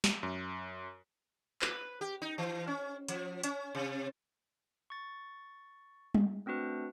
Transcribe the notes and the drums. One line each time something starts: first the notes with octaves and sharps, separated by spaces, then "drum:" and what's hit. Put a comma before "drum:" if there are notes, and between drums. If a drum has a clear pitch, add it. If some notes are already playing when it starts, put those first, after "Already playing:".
drum: snare
F#2
B4, drum: clap
G4
D#4
E3
C#4
F3, drum: hi-hat
C#4, drum: hi-hat
C3
C#6 A6
drum: tom G3
A3 C4 D4 F#4 B4